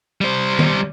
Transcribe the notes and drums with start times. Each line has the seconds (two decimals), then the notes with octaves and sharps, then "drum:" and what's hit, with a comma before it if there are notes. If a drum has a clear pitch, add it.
0.21 G3 C5
0.59 drum: tom D#3